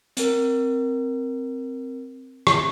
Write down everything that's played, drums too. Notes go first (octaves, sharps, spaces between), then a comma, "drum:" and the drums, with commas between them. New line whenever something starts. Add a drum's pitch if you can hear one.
C4 A#4, drum: hi-hat
drum: rim click